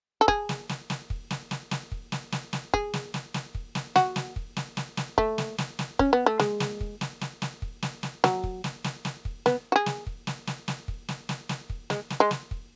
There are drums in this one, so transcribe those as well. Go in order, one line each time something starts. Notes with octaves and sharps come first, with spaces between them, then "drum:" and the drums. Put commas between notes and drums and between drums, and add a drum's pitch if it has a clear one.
A4
G#4, drum: kick
drum: snare
drum: snare
drum: snare
drum: kick
drum: snare
drum: snare
drum: snare
drum: kick
drum: snare
drum: snare
drum: snare
G#4, drum: kick
drum: snare
drum: snare
drum: snare
drum: kick
drum: snare
F#4, drum: snare
drum: snare
drum: kick
drum: snare
drum: snare
drum: snare
A3, drum: kick
drum: snare
drum: snare
drum: snare
C#4, drum: kick
B3
A3
G#3, drum: snare
drum: snare
drum: kick
drum: snare
drum: snare
drum: snare
drum: kick
drum: snare
drum: snare
F#3, drum: snare
drum: kick
drum: snare
drum: snare
drum: snare
drum: kick
B3, drum: snare
F#4
G#4
drum: snare
drum: kick
drum: snare
drum: snare
drum: snare
drum: kick
drum: snare
drum: snare
drum: snare
drum: kick
G#3, drum: snare
drum: snare
G#3
drum: snare
drum: kick